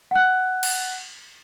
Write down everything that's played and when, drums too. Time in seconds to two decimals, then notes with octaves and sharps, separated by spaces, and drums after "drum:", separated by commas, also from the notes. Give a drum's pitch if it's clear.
0.11 F#5 F#6
0.63 drum: cymbal